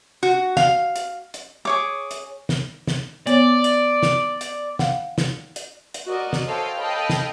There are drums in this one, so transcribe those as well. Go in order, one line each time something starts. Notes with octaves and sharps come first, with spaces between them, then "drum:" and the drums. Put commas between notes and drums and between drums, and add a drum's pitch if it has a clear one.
F#4
F5, drum: snare
drum: hi-hat
drum: hi-hat
G#4 C#5 D6
drum: hi-hat
drum: snare
drum: snare
B3 C#5 D5, drum: hi-hat
drum: hi-hat
drum: snare
drum: hi-hat
F5 F#5, drum: snare
drum: snare
drum: hi-hat
drum: hi-hat
F#4 A#4 D5 D#5
drum: snare
A4 C5 C#5 D#5 F5 G5
A4 D#5 F5 G5 B5
drum: snare